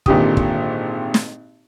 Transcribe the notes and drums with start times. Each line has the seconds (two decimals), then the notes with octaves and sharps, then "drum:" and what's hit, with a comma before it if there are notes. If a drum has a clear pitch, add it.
0.06 G#1 A#2 D3 G4 D#6, drum: kick
0.37 drum: kick
1.14 drum: snare